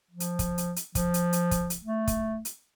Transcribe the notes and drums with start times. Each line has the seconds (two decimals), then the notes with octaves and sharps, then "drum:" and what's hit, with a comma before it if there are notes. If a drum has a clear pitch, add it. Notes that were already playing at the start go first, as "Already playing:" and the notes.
0.11 F3
0.20 drum: hi-hat
0.39 drum: kick, hi-hat
0.58 drum: hi-hat
0.76 drum: hi-hat
0.95 F3, drum: kick, hi-hat
1.14 drum: hi-hat
1.33 drum: hi-hat
1.51 drum: kick, hi-hat
1.70 drum: hi-hat
1.84 A3
2.07 drum: kick, hi-hat
2.45 drum: hi-hat